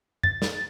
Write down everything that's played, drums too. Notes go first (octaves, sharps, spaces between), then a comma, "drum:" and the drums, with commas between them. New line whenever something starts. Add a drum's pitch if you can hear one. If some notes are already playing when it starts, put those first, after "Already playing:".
A6, drum: tom F#2
drum: snare